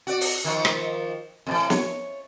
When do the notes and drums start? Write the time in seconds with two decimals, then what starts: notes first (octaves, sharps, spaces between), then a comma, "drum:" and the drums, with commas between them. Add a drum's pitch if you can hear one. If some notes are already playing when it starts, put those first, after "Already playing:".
0.07 F#4 D5
0.21 drum: open hi-hat
0.44 D#3 F3
0.65 drum: rim click
1.47 F2 A2 E3
1.70 C#5, drum: snare